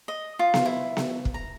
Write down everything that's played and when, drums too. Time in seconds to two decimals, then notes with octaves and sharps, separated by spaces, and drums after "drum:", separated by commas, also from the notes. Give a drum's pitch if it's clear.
0.08 D#5
0.39 F4
0.54 drum: snare B3
0.66 E4
0.97 drum: snare B3
1.25 drum: kick
1.34 A#5